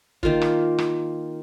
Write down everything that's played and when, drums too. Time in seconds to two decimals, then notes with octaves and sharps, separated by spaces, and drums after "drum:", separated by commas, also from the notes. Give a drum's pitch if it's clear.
0.23 D#3 A#3 F4, drum: kick
0.42 drum: rim click
0.78 drum: rim click